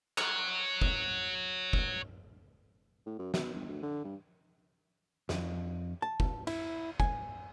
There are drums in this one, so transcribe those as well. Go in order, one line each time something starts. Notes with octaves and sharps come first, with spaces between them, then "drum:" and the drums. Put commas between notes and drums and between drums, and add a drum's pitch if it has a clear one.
C#5 F#5, drum: clap
drum: kick F1
drum: kick F1
A2
F#2
B2, drum: snare
G1
D2
D3
G2
F2, drum: snare
A5
drum: kick F1
E4, drum: cymbal
G#5, drum: kick F1